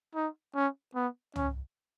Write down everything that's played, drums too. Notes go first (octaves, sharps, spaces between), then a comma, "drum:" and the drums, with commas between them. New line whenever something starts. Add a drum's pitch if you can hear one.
D#4
C#4
B3
C#4, drum: tom